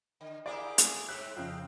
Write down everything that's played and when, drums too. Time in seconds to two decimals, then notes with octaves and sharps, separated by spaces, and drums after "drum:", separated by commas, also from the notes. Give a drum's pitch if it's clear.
0.21 D3
0.46 A#3 E4 G4 G#4 D5 D6
0.78 drum: hi-hat
1.09 G#2 G3 C4 E5 F#6
1.37 F2 C#3 F3 C4 F5 G5